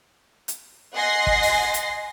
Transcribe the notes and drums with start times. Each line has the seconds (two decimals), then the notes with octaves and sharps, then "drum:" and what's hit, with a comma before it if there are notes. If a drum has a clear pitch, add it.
0.48 drum: hi-hat
0.95 D#5 F#5 G#5 C6 A#6 C7
1.27 drum: kick
1.42 drum: open hi-hat
1.74 drum: hi-hat